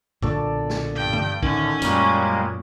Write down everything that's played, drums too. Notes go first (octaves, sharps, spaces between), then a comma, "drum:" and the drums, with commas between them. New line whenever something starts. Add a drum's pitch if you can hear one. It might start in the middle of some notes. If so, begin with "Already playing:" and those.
B1 A#2 D3 A4 D5, drum: kick A#1
drum: snare
G2 G5
drum: tom
A2 D3 D#3 C#4, drum: kick A#1
F#2 A#2 G3 G#3 A#3 C#5, drum: hi-hat